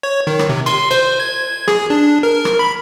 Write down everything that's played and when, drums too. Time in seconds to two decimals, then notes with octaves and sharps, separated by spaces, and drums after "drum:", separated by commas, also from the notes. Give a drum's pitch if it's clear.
0.03 C#5
0.27 D#3
0.39 drum: rim click
0.49 C3
0.66 C6, drum: cymbal
0.91 C5, drum: cymbal
1.20 G#6
1.68 G#4, drum: rim click
1.90 D4
2.23 A#4
2.36 A#4
2.45 drum: rim click
2.59 B5